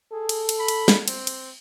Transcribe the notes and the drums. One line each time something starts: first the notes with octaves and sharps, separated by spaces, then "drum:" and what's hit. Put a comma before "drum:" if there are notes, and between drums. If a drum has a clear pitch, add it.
G#4 A4
drum: cymbal
drum: cymbal
B5
drum: cymbal
drum: snare
C4, drum: cymbal
drum: cymbal